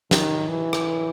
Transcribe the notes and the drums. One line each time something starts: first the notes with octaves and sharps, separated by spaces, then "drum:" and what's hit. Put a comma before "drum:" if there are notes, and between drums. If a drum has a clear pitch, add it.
D#3, drum: snare
E3
drum: rim click